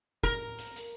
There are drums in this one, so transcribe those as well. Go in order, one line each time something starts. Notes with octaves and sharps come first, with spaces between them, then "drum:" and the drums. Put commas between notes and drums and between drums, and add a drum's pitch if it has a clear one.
A#4, drum: kick
drum: hi-hat
drum: hi-hat